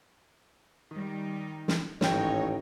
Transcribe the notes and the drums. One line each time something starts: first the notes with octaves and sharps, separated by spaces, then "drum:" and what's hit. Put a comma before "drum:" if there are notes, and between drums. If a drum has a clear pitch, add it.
D#3 G3 D#4
drum: snare
A1 G#2 D#3 D#4 C#5 G5, drum: snare